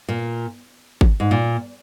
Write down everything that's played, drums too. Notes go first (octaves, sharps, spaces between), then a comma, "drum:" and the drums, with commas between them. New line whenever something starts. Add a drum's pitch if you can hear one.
A#2
drum: kick G#1
G#2
A#2